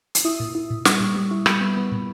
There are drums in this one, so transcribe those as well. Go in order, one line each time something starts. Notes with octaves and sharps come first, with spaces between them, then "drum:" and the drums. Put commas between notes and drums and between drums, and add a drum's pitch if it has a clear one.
drum: hi-hat
E4 D#6
A#2
E4
A#2
G3 C#6, drum: snare
A#2
G3
E4
G3 B5, drum: rim click
B3
B3
A#2